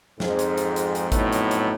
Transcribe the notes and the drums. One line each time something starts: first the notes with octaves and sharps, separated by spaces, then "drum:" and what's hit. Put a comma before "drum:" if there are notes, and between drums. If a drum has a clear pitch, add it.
F2 G#2, drum: snare
drum: hi-hat
drum: hi-hat
drum: hi-hat
drum: hi-hat
F2 A2 F#3 A3 B3 D#4, drum: kick G#1, hi-hat
drum: hi-hat
drum: hi-hat